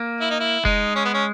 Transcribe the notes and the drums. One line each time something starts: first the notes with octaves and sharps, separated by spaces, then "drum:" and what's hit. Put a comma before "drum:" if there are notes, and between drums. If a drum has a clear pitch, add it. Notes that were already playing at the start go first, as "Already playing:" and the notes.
Already playing: A#3
E4
D#4
E4
G#3 D#4, drum: kick F1
C#4
B3
C#4